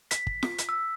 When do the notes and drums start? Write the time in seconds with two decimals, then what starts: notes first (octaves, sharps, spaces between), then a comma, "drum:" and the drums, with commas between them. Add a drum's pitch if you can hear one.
0.11 B6, drum: hi-hat
0.27 drum: kick
0.43 drum: snare
0.58 drum: hi-hat
0.69 E6